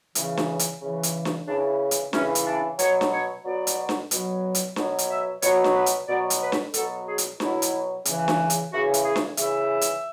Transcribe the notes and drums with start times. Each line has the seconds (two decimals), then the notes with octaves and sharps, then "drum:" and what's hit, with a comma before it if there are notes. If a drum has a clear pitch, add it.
0.15 C#3 E3, drum: hi-hat
0.37 drum: snare
0.59 drum: hi-hat
0.82 C#3 E3
1.03 drum: hi-hat
1.25 drum: snare
1.47 C#3 E3 D4
1.91 drum: hi-hat
2.13 C#3 E3 C#4, drum: snare
2.35 drum: hi-hat
2.46 D4
2.79 B2 F#3 C#5, drum: hi-hat
3.01 drum: snare
3.12 C#5
3.45 B2 F#3 D5
3.67 drum: hi-hat
3.89 drum: snare
4.11 B2 F#3, drum: hi-hat
4.55 drum: hi-hat
4.76 B2 F#3, drum: snare
4.98 drum: hi-hat
5.09 E5
5.42 B2 F#3 C#5, drum: hi-hat
5.64 drum: snare
5.75 B4
5.86 drum: hi-hat
6.08 B2 F#3 D5
6.30 drum: hi-hat
6.41 B4
6.52 drum: snare
6.74 B2 F#3 A4, drum: hi-hat
7.07 G#4
7.18 drum: hi-hat
7.40 B2 F#3 E4, drum: snare
7.62 drum: hi-hat
8.05 C#3 E3, drum: hi-hat
8.28 drum: snare
8.50 drum: hi-hat
8.72 C#3 E3 F#4
8.94 drum: hi-hat
9.04 G#4
9.16 drum: snare
9.37 C#3 E3 E5, drum: hi-hat
9.81 drum: hi-hat